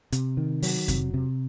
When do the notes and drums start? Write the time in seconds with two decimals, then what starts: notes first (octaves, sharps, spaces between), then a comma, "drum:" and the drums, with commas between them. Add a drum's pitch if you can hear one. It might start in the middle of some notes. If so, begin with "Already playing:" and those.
0.12 C3, drum: hi-hat
0.37 D#3
0.62 F#3, drum: open hi-hat
0.88 C3, drum: kick F2, hi-hat
1.14 C3